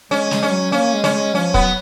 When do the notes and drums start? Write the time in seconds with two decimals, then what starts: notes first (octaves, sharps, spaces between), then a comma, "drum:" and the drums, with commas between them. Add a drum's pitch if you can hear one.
0.11 G#3 C#4
0.31 G#3, drum: snare
0.43 C#4
0.52 F#3
0.72 A#3 C#4
0.94 G#3
1.04 C#4, drum: snare
1.13 G#3
1.34 F3 C#4
1.54 F#3 B3, drum: kick